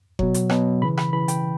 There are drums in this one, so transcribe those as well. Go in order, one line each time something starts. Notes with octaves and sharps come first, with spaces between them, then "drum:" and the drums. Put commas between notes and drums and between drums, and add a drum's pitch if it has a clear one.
B2 F#3, drum: kick F#1
drum: hi-hat
B2 F#3, drum: rim click
C#3 E3 B5
B5, drum: rim click
C#3 E3 B5
G5, drum: hi-hat